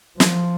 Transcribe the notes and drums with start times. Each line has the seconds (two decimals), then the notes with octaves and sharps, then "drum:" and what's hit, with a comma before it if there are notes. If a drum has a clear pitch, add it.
0.20 F3, drum: snare